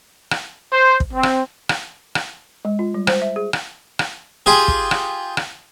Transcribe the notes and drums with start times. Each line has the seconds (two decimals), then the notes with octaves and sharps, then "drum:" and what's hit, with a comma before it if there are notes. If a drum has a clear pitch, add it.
0.31 drum: rim click
0.73 C5
1.00 drum: kick
1.13 C4
1.23 drum: rim click
1.69 drum: rim click
2.15 drum: rim click
2.65 G#3
2.79 F4
2.94 G3
3.07 C5, drum: rim click
3.22 E5
3.36 G#4
3.53 drum: rim click
3.99 drum: rim click
4.46 F4 G4 G#4
4.68 drum: kick
4.91 drum: rim click
5.37 drum: rim click